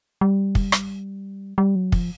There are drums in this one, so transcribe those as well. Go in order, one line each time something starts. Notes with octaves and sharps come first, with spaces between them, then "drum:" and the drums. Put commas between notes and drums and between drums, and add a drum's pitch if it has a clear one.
G3
drum: kick
drum: rim click
G3
F#3
F3, drum: kick